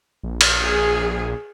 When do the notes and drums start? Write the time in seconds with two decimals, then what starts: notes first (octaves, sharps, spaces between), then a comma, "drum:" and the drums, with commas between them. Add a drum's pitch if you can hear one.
0.23 A#1
0.41 drum: cymbal
0.63 G#4